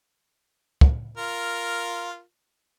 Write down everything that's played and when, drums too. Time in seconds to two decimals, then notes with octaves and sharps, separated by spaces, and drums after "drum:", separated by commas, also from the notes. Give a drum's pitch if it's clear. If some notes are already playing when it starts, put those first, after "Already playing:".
0.81 drum: kick
1.17 F4 A#4